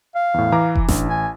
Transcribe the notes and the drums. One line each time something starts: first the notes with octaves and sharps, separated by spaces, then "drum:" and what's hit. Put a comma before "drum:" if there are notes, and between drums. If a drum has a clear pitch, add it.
F5
E2 A2
E3 A#5 D6
drum: kick F1
A1 D4, drum: snare F#1
G#5